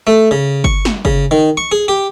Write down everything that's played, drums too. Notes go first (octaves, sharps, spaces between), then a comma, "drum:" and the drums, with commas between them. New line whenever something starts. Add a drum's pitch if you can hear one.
A3
C#3
C#6, drum: kick G1
drum: snare G3
C#3, drum: kick G1
D#3
C#6
G#4
G4